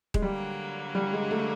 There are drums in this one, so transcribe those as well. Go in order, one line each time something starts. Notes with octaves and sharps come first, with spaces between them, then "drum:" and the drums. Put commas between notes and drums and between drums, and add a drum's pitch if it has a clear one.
G#3, drum: kick D#1
D3 F#3 G3 A#3
G3
G#3
A3